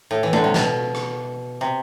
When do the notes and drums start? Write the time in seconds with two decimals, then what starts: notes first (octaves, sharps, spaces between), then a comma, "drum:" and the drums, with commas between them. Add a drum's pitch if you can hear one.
0.11 A2
0.23 E3
0.33 D3, drum: tom G#3
0.44 C3
0.54 B2, drum: snare
0.95 drum: rim click
1.61 C3